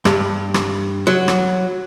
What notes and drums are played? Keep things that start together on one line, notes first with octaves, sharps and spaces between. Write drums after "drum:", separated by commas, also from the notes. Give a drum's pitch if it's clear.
G2, drum: rim click
drum: rim click
F#3
drum: rim click